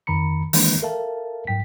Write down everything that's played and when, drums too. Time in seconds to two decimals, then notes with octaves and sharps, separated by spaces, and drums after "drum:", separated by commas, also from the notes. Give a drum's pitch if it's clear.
0.07 F2 D#3 A#5 B5 C#7
0.53 D#3 E3 G#3 A#3 D4, drum: open hi-hat
0.82 A4 A#4 E5 F5 A5
1.47 G#2 F#3 G5 B6